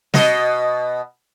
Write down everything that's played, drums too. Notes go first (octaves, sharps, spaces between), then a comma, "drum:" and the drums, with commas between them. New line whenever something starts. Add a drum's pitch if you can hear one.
B2 D#5, drum: snare